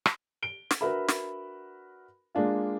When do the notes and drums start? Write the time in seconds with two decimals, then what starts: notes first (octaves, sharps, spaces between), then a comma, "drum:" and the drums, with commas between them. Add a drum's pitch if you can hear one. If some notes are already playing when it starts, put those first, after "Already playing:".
0.06 drum: rim click
0.43 D7 G7
0.71 drum: snare
0.81 D4 F#4 A#4 B4 E5 B5
1.08 drum: snare
2.35 G#3 A#3 D4 F4